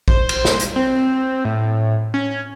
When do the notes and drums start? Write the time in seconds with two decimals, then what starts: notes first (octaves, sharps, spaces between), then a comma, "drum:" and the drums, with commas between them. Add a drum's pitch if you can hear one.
0.08 C5, drum: kick A#1
0.29 drum: cymbal
0.45 drum: snare
0.59 drum: hi-hat
0.76 C4
1.45 A2
2.14 C#4